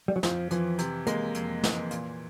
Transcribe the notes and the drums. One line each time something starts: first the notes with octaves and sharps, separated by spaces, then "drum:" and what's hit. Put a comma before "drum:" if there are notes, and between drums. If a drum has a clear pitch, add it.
G3
F#3
F2 F3, drum: snare
E3 F3, drum: hi-hat
C3, drum: hi-hat
G#3 A#3, drum: hi-hat
F2, drum: hi-hat
E3, drum: snare
A#2, drum: hi-hat